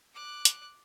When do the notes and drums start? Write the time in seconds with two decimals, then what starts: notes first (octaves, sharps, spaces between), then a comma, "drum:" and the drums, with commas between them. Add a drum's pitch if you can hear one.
0.14 D6 F#6
0.45 drum: hi-hat